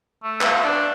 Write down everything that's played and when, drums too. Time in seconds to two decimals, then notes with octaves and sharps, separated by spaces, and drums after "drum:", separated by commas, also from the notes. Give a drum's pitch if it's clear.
0.24 A3
0.41 B4 E5 F5, drum: clap
0.63 D4